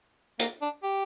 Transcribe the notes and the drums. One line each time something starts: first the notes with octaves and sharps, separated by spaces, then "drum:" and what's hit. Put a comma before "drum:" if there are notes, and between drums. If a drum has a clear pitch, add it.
A#3, drum: hi-hat
D4
G4